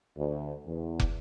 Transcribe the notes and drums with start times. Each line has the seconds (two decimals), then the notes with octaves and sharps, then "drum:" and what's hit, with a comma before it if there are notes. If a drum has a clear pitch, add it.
0.17 D2
0.65 E2
1.00 drum: kick